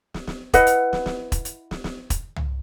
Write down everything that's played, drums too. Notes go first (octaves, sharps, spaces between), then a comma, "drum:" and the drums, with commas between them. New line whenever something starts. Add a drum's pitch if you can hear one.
drum: snare
drum: snare
E4 B4 D#5 F#5, drum: kick E1, hi-hat
drum: hi-hat
drum: snare
drum: snare
drum: kick E1, hi-hat
drum: hi-hat
drum: snare
drum: snare
drum: kick E1, hi-hat
drum: tom C2